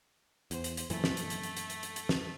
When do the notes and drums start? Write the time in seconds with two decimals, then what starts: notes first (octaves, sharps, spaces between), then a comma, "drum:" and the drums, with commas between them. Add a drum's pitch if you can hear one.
0.51 E2 C5, drum: hi-hat
0.64 drum: hi-hat
0.77 drum: hi-hat
0.90 F#2 A#2 E3 A3, drum: hi-hat
1.04 drum: snare
1.17 drum: hi-hat
1.30 drum: hi-hat
1.43 drum: hi-hat
1.57 drum: hi-hat
1.70 drum: hi-hat
1.83 drum: hi-hat
1.96 drum: hi-hat
2.09 drum: snare